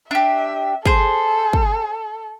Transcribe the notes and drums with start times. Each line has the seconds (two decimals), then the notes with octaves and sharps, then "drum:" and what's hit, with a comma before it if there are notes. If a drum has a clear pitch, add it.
0.11 D4 G4 E5
0.86 G#4 A4 C5, drum: kick
1.53 drum: kick